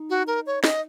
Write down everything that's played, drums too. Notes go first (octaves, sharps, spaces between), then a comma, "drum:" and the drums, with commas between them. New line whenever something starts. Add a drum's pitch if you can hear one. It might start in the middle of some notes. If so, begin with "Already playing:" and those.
Already playing: D#4
F#4
A#4
C#5
D#5, drum: snare